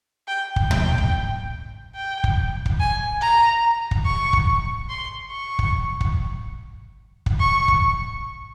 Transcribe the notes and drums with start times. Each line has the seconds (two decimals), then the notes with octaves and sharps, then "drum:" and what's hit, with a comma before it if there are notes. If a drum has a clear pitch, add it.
0.28 G5
0.56 drum: kick
0.71 G5, drum: tom
0.98 drum: kick
1.95 G5
2.24 drum: kick
2.66 drum: kick
2.80 G#5
3.21 A#5
3.91 drum: kick
4.06 C#6
4.33 drum: kick
4.89 C6
5.31 C#6
5.59 drum: kick
6.01 drum: kick
7.26 drum: kick
7.40 C#6
7.68 drum: kick